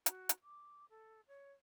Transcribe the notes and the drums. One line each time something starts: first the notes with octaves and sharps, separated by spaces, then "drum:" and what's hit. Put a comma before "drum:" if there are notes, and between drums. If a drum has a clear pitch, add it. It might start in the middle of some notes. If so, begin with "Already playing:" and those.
F#4, drum: hi-hat
drum: hi-hat
D6
A4
C#5